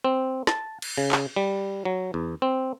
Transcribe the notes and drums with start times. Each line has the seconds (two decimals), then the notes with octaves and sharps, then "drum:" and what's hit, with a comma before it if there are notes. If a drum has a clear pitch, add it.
0.05 C4
0.47 A5, drum: snare
0.82 drum: cymbal
0.98 C#3
1.12 drum: clap
1.36 G3
1.85 F#3
2.14 E2
2.42 C4